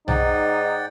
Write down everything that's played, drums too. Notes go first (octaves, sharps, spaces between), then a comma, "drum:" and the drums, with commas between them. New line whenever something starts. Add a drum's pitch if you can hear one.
G#2 D#4 D5 F#5 G5, drum: tom B1